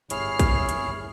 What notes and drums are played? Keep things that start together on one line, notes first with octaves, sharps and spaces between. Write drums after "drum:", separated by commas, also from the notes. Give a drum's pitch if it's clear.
G1 E4 G#4 C#5 F6 C7, drum: hi-hat
drum: kick, hi-hat
drum: hi-hat